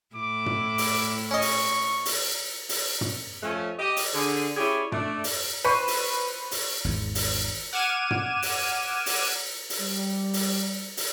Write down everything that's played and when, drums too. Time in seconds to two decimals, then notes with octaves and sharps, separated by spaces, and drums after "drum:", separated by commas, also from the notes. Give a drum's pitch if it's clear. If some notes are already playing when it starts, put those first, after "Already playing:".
0.16 A2 E4 D6
0.46 drum: tom
0.78 drum: open hi-hat
1.31 C#4 D#5 C#6
1.42 drum: open hi-hat
2.05 drum: open hi-hat
2.69 drum: open hi-hat
3.01 drum: tom
3.43 F3 A3 C#4
3.79 G4 D#5
3.97 drum: open hi-hat
4.14 D3 G#4
4.57 C#4 E4 G4 G#4 C#5 D5
4.92 A3 D4, drum: tom
5.24 drum: open hi-hat
5.65 B4 C5 B5 C#6
5.88 drum: open hi-hat
6.51 drum: open hi-hat
6.84 G#1 E2
7.15 drum: open hi-hat
7.73 F#5 D6 F6 G#6 D#7 E7
8.11 drum: tom
8.42 drum: open hi-hat
9.06 drum: open hi-hat
9.70 drum: open hi-hat
9.80 G3
10.34 drum: open hi-hat
10.97 drum: open hi-hat